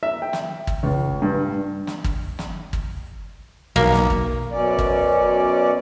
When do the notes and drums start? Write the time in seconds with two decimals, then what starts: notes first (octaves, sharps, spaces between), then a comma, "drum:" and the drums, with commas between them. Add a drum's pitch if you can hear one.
0.03 E5
0.22 G5
0.33 drum: snare
0.67 drum: kick G#1
0.83 C#2
1.22 G2
1.87 drum: snare
2.04 drum: kick G#1
2.39 drum: snare
2.73 drum: kick G#1
3.76 B1 A#3
3.93 drum: snare
4.10 drum: kick G#1
4.52 F#2 B2 C#4 D5
4.79 drum: kick G#1